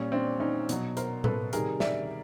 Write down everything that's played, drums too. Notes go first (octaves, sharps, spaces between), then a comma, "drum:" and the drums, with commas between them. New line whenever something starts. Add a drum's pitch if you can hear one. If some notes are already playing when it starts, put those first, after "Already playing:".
Already playing: A#2 G3 C#4
C4 D4
C#4 D#4
B2 F#3, drum: hi-hat
A#4 C5, drum: hi-hat
A4 B4, drum: tom A2
C3 D#3 G3 G#4 A#4, drum: hi-hat
D5 E5, drum: snare